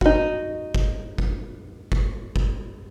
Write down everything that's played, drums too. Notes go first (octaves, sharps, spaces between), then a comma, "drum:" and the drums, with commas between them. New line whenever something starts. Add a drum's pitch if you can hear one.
D#4 F#4, drum: kick
drum: kick
drum: kick
drum: kick
drum: kick